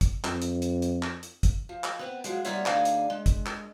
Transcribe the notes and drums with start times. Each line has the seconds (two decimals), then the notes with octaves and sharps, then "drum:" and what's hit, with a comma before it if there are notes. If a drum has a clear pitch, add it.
0.01 drum: kick, hi-hat
0.24 F2, drum: clap
0.42 drum: hi-hat
0.62 drum: hi-hat
0.82 drum: hi-hat
1.03 drum: clap
1.23 drum: hi-hat
1.43 drum: kick, hi-hat
1.69 F3
1.84 drum: clap
1.99 B3 C4 B4
2.24 F3 F#3 G#3, drum: hi-hat
2.45 G3 B3 D#4 F4 C#5 E5, drum: hi-hat
2.66 D2 D4 D#4 G#4 F5, drum: clap
2.85 drum: hi-hat
3.10 G#3
3.26 drum: kick, hi-hat
3.46 drum: clap